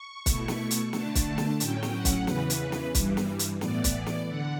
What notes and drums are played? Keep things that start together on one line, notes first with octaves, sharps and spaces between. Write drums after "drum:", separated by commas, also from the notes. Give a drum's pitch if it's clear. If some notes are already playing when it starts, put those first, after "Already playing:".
Already playing: C#6
B2 A3 E4, drum: kick, hi-hat
drum: snare
drum: hi-hat
D3 A3 D4 A5, drum: snare
drum: kick, hi-hat
drum: snare
A2 F#3 C#4 G5, drum: hi-hat
drum: snare
F#5
drum: kick, hi-hat
E2 C#3 E3 B4, drum: snare
drum: hi-hat
drum: snare
G2 E3 G3, drum: kick, hi-hat
drum: snare
drum: hi-hat
A2 E3 B3 D5, drum: snare
drum: kick, hi-hat
drum: snare
D3 F#5